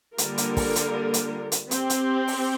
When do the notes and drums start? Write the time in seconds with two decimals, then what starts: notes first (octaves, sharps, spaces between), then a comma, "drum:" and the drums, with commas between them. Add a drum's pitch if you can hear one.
0.18 D3 G3 A#3 F4 A#4, drum: hi-hat
0.38 drum: hi-hat
0.57 drum: kick, open hi-hat
0.76 drum: hi-hat
1.14 drum: hi-hat
1.52 drum: hi-hat
1.71 C4 G4 C5, drum: hi-hat
1.90 drum: hi-hat
2.28 drum: open hi-hat